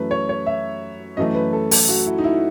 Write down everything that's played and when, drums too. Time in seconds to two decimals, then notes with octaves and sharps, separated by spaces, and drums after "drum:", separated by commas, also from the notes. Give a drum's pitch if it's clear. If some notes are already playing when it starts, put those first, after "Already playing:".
Already playing: F#2 E3 A3 B4
0.11 C#5
0.29 C#5
0.47 E5
1.17 F#2 E3 A3 D#5
1.35 B4
1.53 A4
1.71 A4, drum: open hi-hat
1.89 F#4
2.06 E4
2.18 D#4
2.24 E4